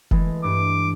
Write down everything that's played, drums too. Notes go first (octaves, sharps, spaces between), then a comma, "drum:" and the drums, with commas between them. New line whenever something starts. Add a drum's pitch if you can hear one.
E3 G#3 A3, drum: kick F1
G2 D6